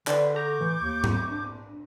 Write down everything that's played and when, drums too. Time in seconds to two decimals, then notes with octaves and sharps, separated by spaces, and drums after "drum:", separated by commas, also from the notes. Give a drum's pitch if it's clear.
0.07 D3 D4 B4 C5 D5, drum: clap
0.35 A4 A#5 C#6 D6 G6
0.61 A2 E3
0.82 D#2
1.04 drum: tom G#2
1.29 D4